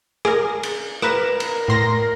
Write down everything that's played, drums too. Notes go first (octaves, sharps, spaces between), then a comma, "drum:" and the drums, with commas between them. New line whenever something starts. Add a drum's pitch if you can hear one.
G#4 A#4, drum: rim click
drum: cymbal
A#4 B4 E7, drum: rim click
drum: cymbal
A2 C6 A#6